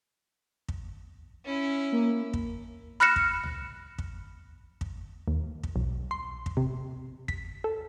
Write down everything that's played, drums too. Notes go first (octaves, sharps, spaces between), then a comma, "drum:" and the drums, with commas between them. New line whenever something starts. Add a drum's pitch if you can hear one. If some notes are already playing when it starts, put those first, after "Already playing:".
drum: kick
C#4 E4
A#3
drum: kick
B5 F6 F#6 A#6 C#7 E7
drum: kick
drum: tom C#2
drum: kick
drum: kick
D#2
drum: kick
B1
C6
drum: kick
C3
B6, drum: kick
A4